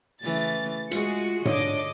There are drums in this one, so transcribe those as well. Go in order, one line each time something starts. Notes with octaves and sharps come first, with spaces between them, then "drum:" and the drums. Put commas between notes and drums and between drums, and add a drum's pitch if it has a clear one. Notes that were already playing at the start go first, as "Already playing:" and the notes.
C#3 E3 A3 A6
G#3 F4 F#4 G#4 C#7, drum: hi-hat
D3 D4 C#5 D#5 D6, drum: tom G#2